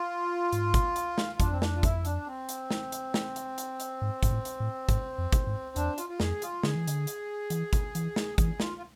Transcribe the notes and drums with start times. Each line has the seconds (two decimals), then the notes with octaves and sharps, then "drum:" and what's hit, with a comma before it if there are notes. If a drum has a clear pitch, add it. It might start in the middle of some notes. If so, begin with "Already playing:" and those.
Already playing: F4
0.52 G#2, drum: hi-hat
0.74 drum: kick, hi-hat
0.96 drum: hi-hat
1.18 drum: snare
1.40 F2 D4, drum: kick, hi-hat
1.52 C4
1.62 D4, drum: snare
1.76 F4
1.83 E4, drum: kick, hi-hat
2.05 D4, drum: hi-hat
2.27 C4
2.49 drum: hi-hat
2.71 drum: snare
2.92 drum: hi-hat
3.14 drum: snare
3.36 drum: hi-hat
3.58 drum: hi-hat
3.80 drum: hi-hat
4.02 G#2
4.23 G#2, drum: kick, hi-hat
4.31 A2
4.45 drum: hi-hat
4.60 A2
4.89 G#2, drum: kick, hi-hat
5.18 F2
5.33 drum: kick, hi-hat
5.47 G#2
5.76 E2 D4, drum: hi-hat
5.98 F4, drum: hi-hat
6.09 F4
6.20 F2 G#4, drum: snare
6.42 F4, drum: hi-hat
6.63 D3 G#4, drum: snare
6.76 E3
6.88 D3, drum: hi-hat
7.07 drum: hi-hat
7.50 E3, drum: hi-hat
7.73 drum: kick, hi-hat
7.95 E3, drum: hi-hat
8.16 drum: snare
8.38 E3 G#4, drum: kick, hi-hat
8.60 F4, drum: snare
8.78 F4